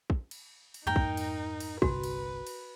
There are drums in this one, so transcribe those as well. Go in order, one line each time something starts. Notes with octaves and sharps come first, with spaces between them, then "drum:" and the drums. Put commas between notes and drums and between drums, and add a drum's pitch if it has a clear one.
drum: kick
drum: cymbal
drum: cymbal
F2 G#2 A#3 D#4 A#4 G5
drum: kick
drum: cymbal
drum: cymbal
G1 C2 C3 F#4 B4, drum: kick
drum: cymbal
drum: cymbal